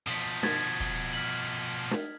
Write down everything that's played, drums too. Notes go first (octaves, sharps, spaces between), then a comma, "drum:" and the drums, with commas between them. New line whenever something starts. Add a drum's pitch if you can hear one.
B2 F3 D#6 B6, drum: open hi-hat
G#6 A6 B6, drum: snare
drum: kick, hi-hat
F6 B6 F#7
drum: hi-hat
drum: snare